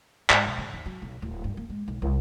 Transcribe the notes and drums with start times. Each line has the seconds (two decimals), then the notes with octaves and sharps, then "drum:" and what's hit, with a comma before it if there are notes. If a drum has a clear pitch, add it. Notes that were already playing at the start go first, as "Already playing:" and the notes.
0.30 G#2, drum: clap
0.46 B1
0.58 D3
0.73 D#2
0.86 F#3
1.02 B1
1.22 D1
1.44 G2
1.57 A#3
1.70 G#3
1.88 B1
2.02 C2